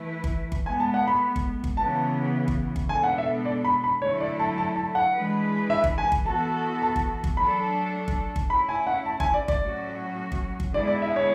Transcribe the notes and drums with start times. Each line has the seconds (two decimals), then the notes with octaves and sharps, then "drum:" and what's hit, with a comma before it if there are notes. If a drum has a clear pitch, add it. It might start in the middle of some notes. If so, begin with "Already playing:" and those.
Already playing: E3 A3 E4 B4
0.24 drum: kick G1
0.52 drum: kick G1
0.66 A2 G#3 B3 G#5
0.80 A5
0.94 F#5
1.08 B5
1.36 drum: kick G1
1.64 drum: kick G1
1.77 C#3 E3 B3 A5
2.48 drum: kick G1
2.76 drum: kick G1
2.89 B2 G#3 B3 D4 A4 G#5
3.04 F#5
3.18 E5
3.45 D5
3.65 B5
3.84 B5
4.02 D3 F#3 A3 E4 A4 C#5
4.20 D5
4.39 A5
4.58 A5
4.76 A5
4.95 F#5
5.13 E3 G#3 D4 G#4 B4
5.70 E5
5.84 drum: kick G1
5.98 G#5
6.12 drum: kick G1
6.25 E3 B3 F#4 A4 A5
6.82 A5
6.96 drum: kick G1
7.24 drum: kick G1
7.37 F#3 A3 D4 A4 B5
8.08 drum: kick G1
8.36 drum: kick G1
8.49 A3 C#4 E4 B5
8.69 G#5
8.87 F#5
9.06 A5
9.20 G#5, drum: kick G1
9.34 D5
9.48 D5, drum: kick G1
9.62 A2 F#3 C#4 F#4
10.32 drum: kick G1
10.60 drum: kick G1
10.73 D3 G#3 B3 E4 G#4 D5
10.88 D5
11.02 E5
11.16 C#5